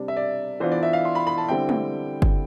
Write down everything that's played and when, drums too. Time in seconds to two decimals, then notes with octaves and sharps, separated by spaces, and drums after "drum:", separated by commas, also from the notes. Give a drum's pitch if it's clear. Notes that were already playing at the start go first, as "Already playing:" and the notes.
Already playing: C3 G3 D4
0.08 E5
0.17 D5
0.60 E3 B3 D4 F4 C5
0.72 D5
0.83 E5
0.93 F5
1.05 C6
1.15 B5
1.27 B5
1.38 A5
1.49 D3 G3 C4 E4 G5
1.69 drum: tom G#3
2.22 drum: kick G1